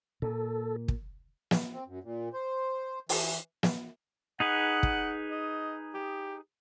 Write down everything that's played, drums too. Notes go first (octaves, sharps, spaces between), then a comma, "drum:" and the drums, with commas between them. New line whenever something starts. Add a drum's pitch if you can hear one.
A#2 A4
drum: kick
drum: snare
C4
F#2
A#2
C5
E3, drum: open hi-hat
drum: snare
D#4 G#4 B4 F#5
drum: kick
D#5
G4